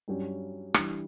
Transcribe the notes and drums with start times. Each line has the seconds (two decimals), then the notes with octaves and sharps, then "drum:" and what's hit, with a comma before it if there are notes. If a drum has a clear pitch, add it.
0.08 G2 F#3 C#4 G4
0.74 E3 G3 D4, drum: rim click